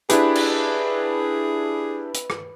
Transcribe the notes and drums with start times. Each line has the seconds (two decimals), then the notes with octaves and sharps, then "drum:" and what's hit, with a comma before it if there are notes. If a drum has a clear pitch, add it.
0.09 D4 E4 G4 G#4 B4, drum: hi-hat
0.35 drum: cymbal
2.14 drum: hi-hat
2.30 drum: rim click